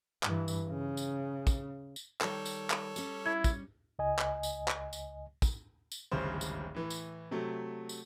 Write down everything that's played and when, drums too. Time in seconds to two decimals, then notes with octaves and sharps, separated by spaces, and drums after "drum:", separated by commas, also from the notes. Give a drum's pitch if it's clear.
0.23 G2 E3, drum: clap
0.48 drum: tambourine
0.69 C#3
0.97 drum: tambourine
1.47 drum: kick, tambourine
1.96 drum: tambourine
2.21 D#3 G3 A4 C#5, drum: clap
2.46 drum: tambourine
2.70 drum: clap
2.96 G3 C#4, drum: tambourine
3.26 E4 G#6
3.44 drum: kick, tambourine
3.99 C#2 D#5 G#5
4.19 drum: clap
4.43 drum: tambourine
4.68 drum: clap
4.93 drum: tambourine
5.42 drum: kick, tambourine
5.92 drum: tambourine
6.11 D1 G#1 G2 C#3 C5
6.41 drum: tambourine
6.75 A2 E3
6.90 drum: tambourine
7.31 C3 F#3 A3
7.89 drum: tambourine